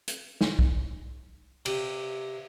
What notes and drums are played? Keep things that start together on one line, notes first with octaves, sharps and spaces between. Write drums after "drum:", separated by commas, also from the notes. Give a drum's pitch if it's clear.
drum: hi-hat
drum: snare
drum: kick
C3, drum: cymbal